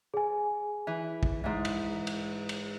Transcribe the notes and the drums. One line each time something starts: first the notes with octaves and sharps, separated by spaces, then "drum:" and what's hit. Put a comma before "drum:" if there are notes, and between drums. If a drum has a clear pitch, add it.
G#4 G#5
E3
drum: kick
G#2 E3
drum: cymbal
drum: cymbal
drum: cymbal